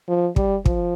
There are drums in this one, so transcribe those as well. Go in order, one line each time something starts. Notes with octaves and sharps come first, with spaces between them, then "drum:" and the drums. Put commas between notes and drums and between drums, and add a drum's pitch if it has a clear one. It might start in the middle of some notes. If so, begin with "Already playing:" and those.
F3
G3, drum: kick
F3, drum: kick